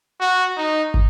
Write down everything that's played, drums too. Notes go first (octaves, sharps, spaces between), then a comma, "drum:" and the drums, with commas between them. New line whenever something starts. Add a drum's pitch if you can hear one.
F#4
D#4
drum: kick